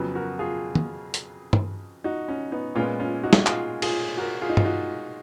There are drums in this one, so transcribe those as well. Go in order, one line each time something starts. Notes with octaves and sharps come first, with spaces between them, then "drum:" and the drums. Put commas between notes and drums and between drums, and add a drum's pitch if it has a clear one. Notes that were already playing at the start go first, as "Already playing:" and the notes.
Already playing: F2 C#3 F#3 B3
F#4 A#4
F4 G#4
drum: tom
drum: hi-hat
drum: tom G2
D#4 F#4
C#4
B3 D#4
A#2 G#3 B3 C#4 F4
C#4 F4
D#4 F#4
drum: snare
F4 G#4, drum: clap
F4 G#4, drum: cymbal
F#4 A#4
F4 G#4
D#4
F4, drum: tom G2
D#4 F#4